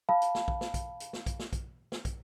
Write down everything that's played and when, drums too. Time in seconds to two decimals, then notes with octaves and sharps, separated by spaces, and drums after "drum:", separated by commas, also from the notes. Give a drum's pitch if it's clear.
0.09 F5 A5 B5
0.22 drum: hi-hat
0.35 drum: snare
0.48 drum: kick
0.61 drum: snare
0.74 drum: kick, hi-hat
1.00 drum: hi-hat
1.13 drum: snare
1.26 drum: kick, hi-hat
1.40 drum: snare
1.53 drum: kick, hi-hat
1.92 drum: snare
2.05 drum: kick, hi-hat